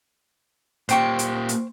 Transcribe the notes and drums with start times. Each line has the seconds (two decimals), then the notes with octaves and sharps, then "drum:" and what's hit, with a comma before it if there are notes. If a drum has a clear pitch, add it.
0.89 A#2 G4 C5 G5 C#6, drum: hi-hat
1.19 drum: hi-hat
1.49 drum: hi-hat